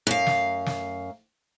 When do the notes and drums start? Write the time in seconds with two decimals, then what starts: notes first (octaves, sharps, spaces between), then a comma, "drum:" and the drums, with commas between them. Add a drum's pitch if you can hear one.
0.07 F#2 F5
0.27 drum: snare
0.66 drum: snare